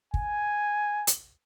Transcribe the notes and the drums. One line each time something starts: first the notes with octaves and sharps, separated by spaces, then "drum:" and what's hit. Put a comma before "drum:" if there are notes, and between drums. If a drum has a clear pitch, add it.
G#5, drum: kick
drum: hi-hat